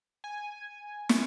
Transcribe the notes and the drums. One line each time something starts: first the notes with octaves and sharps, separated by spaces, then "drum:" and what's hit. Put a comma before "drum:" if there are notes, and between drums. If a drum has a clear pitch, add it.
G#5
drum: snare